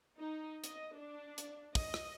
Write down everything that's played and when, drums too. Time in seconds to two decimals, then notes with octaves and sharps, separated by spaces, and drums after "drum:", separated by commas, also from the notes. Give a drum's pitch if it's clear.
0.18 D#4
0.64 D#5, drum: hi-hat
0.97 D4
1.38 drum: hi-hat
1.75 D#5, drum: kick, open hi-hat
1.94 drum: rim click